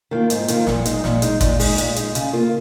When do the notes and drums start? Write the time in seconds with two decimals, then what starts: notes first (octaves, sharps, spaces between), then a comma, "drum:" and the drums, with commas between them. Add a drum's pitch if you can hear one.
0.11 D#3 A#3 F4
0.30 G#2, drum: hi-hat
0.48 D#3 A#3 F4, drum: hi-hat
0.67 A#2, drum: snare
0.85 G#3 D#4, drum: hi-hat
1.04 A#2, drum: snare
1.22 G#3 D#4, drum: hi-hat
1.41 A#2, drum: kick, hi-hat
1.60 G#3 D#4, drum: open hi-hat
1.78 A#2, drum: hi-hat
1.96 G#3 D#4, drum: hi-hat
2.15 C#3, drum: hi-hat
2.33 A#3 F4